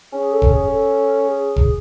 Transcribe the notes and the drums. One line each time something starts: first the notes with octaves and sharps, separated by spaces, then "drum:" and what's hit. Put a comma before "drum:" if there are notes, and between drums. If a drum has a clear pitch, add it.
C#4 G#4
A4
drum: kick E1
G#4
G#4
A4
G#4
drum: kick E1